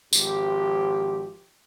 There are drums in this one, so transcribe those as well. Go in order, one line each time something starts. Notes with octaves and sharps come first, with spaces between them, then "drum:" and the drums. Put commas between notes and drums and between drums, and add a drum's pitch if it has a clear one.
G#1 F3 G4, drum: tambourine